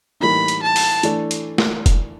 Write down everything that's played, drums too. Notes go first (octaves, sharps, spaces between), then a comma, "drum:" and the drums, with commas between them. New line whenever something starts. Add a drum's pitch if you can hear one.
A2 E3 G3 A#3 D#4 B5
drum: hi-hat
A5
drum: open hi-hat
E3 A3 D4, drum: hi-hat
drum: hi-hat
drum: snare
drum: kick F1, hi-hat